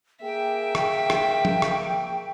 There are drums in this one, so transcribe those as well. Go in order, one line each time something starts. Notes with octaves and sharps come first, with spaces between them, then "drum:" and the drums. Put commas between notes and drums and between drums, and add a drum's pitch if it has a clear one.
A#3 G#4 E5 G5
drum: rim click
drum: rim click
drum: tom F3
drum: rim click